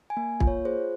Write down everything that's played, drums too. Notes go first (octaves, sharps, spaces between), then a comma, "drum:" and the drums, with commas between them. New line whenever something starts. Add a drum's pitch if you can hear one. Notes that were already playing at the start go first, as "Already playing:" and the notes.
G#5
A#3
F4, drum: kick
C#5
G#4 C5